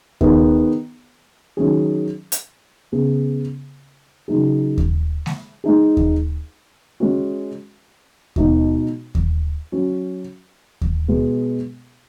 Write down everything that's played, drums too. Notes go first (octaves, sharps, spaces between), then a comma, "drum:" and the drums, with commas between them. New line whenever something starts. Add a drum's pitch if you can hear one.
D#3 B3 G#4, drum: kick D#2
D#3 F#3 C#4 G#4
drum: hi-hat
C#3 B3 G#4
C#3 F#3 D#4 G#4
drum: kick D#2
drum: snare G#3
G#3 D#4 G#4
drum: kick D#2
G#3 C#4 F#4
B2 G#3 D#4 F#4, drum: kick D#2
drum: kick D#2
F#3 C#4 F#4
drum: kick D#2
B2 G#3 B3 G#4